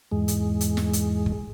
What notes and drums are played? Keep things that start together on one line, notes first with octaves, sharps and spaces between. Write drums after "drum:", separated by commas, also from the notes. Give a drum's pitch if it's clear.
E2 G#2 G#3
drum: hi-hat
drum: hi-hat
drum: snare
drum: hi-hat
drum: kick